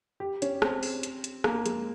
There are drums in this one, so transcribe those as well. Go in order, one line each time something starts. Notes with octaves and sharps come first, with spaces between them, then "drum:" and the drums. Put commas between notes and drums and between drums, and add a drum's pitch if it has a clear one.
G4
C#4, drum: hi-hat
C4, drum: rim click
drum: open hi-hat
drum: hi-hat
drum: hi-hat
A#3, drum: rim click
G#3, drum: hi-hat